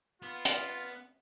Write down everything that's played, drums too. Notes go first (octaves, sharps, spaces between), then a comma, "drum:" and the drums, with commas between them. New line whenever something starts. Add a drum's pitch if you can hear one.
B3 F4
drum: hi-hat